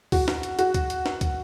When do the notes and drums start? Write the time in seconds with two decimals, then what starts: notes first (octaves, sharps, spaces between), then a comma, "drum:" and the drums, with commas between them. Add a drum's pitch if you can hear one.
0.12 F#4, drum: kick, open hi-hat
0.28 drum: snare
0.43 drum: hi-hat
0.59 F#4, drum: hi-hat
0.74 drum: kick, hi-hat
0.90 drum: hi-hat
1.06 drum: snare
1.21 drum: kick, hi-hat